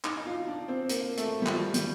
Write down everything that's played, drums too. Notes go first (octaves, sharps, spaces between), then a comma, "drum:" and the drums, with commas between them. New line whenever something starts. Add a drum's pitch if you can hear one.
D#4, drum: clap
D#4
F4
D4
C4
A#3, drum: hi-hat
A3, drum: hi-hat
G3
F3, drum: clap
G3, drum: hi-hat